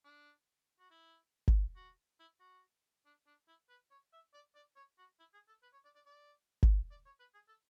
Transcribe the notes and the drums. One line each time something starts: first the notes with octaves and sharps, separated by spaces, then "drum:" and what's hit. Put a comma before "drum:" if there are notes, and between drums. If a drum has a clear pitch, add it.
D4
F#4
E4
drum: kick G1
F#4
E4
F#4
D4
D4
E4
B4
C#5
E5
D5
D5
C#5
F#4
E4
G#4
A4
B4
C#5
D5
D5
D5
drum: kick G1
D5
C#5
B4
G#4
A4